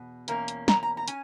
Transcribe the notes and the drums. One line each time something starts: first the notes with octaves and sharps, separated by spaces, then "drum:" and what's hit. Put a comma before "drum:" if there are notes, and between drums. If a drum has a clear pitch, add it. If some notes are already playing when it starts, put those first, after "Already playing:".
Already playing: E2 B2
E2 B2 A#3 C#4 A#5, drum: hi-hat
drum: hi-hat
A#5, drum: snare
A#5
A#5
C#4 G#5, drum: hi-hat